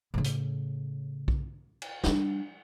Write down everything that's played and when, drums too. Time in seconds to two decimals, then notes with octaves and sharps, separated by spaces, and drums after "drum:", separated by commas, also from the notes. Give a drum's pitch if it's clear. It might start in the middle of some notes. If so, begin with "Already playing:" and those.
0.14 A2 C#3
0.24 drum: hi-hat
1.28 drum: kick B1
1.82 drum: cymbal
2.04 G3 D4, drum: snare